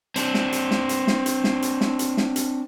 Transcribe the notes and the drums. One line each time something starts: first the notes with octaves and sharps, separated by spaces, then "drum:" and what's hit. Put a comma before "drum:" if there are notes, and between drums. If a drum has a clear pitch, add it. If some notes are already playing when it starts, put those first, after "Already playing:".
C4 D4, drum: hi-hat
drum: snare
drum: hi-hat
drum: snare
drum: hi-hat
drum: snare
drum: hi-hat
drum: snare
drum: hi-hat
drum: snare
drum: hi-hat
drum: snare
drum: hi-hat